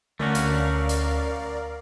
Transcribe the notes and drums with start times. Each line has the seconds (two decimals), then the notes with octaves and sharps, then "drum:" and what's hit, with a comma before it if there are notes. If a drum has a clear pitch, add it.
0.19 D2 A3 C#4 F#4 A#4 D5 F5
0.35 drum: hi-hat
0.89 drum: hi-hat